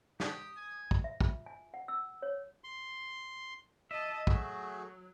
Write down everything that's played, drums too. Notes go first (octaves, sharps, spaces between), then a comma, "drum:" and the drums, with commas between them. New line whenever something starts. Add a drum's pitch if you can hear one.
G4 D#6, drum: snare
G#5
drum: kick
E5
F4, drum: kick
G#5
F#5
E6
C#5
C6
D#5 E5 A5
F#3 A3 F#4 G#4, drum: kick